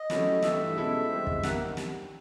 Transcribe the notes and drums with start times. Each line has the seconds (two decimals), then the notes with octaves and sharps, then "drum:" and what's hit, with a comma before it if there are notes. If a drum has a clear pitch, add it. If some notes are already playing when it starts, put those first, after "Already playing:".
Already playing: D#5
0.10 F#3 A3 C#4 E4 G4, drum: snare
0.42 G2 E3 A3 E5, drum: snare
0.76 B2 G#3 C#4 E4 A4
1.09 G2 E3 G#3 C4
1.27 drum: kick
1.43 D#3 G3 A#3 F#5, drum: snare
1.77 drum: snare